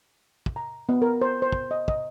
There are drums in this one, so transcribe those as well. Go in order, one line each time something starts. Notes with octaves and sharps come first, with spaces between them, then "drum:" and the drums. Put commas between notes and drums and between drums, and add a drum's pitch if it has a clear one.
drum: kick
A#5
B3
A#4
C5
C5
drum: kick
D#5
D#5, drum: kick